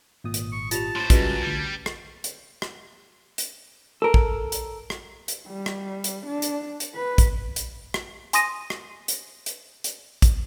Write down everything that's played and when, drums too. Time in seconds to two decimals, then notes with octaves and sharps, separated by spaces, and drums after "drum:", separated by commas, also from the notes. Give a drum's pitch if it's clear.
0.24 G#1 A#2 D#6
0.34 drum: hi-hat
0.52 C#6
0.71 F4 G4 A5 F7, drum: hi-hat
0.96 A2 C5 C6 A6
1.10 F#2 C#3 G3 G#3 F4 F#4 B4, drum: kick, hi-hat
1.42 D2 G3 G#6
1.86 drum: rim click
2.24 drum: hi-hat
2.62 drum: rim click
3.38 drum: hi-hat
4.02 A4 A#4
4.14 drum: kick
4.52 drum: hi-hat
4.90 drum: rim click
5.28 drum: hi-hat
5.47 G3
5.66 drum: rim click
6.04 drum: hi-hat
6.26 D4
6.42 drum: hi-hat
6.80 drum: hi-hat
6.95 B4
7.18 drum: kick, hi-hat
7.56 drum: hi-hat
7.94 drum: rim click
8.33 G#5 C6 D#6 A#6 D#7, drum: hi-hat
8.70 drum: rim click
9.08 drum: hi-hat
9.46 drum: hi-hat
9.84 drum: hi-hat
10.22 drum: kick, hi-hat